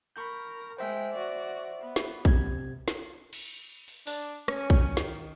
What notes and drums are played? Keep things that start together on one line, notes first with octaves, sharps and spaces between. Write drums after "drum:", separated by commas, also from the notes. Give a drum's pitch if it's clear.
A#4 B5 C#6 G6
G#3 C5 E5 G5
F#4 D5
B3
drum: snare
C3 G#6, drum: kick
drum: snare
drum: cymbal
drum: open hi-hat
D4, drum: open hi-hat
C#4, drum: rim click
drum: kick
D#3, drum: snare